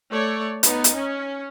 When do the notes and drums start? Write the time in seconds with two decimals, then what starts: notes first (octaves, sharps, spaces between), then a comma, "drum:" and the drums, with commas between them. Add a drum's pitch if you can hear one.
0.12 A3 C#5 D5
0.63 B3 D#4, drum: hi-hat
0.84 drum: hi-hat
0.95 C#4